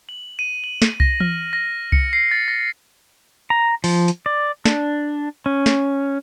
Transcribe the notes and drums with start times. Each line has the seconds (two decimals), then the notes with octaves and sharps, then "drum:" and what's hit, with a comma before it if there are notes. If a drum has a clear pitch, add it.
0.09 F#7
0.39 D#7
0.64 F#7
0.82 drum: snare
1.00 A#6, drum: kick C2
1.20 F6, drum: tom E3
1.53 A#6
1.92 C#7, drum: kick C2
2.13 C7
2.31 A6
2.48 A#6
3.50 A#5
3.84 F3, drum: open hi-hat
4.08 drum: hi-hat
4.26 D5
4.65 D4, drum: snare
5.46 C#4
5.66 drum: snare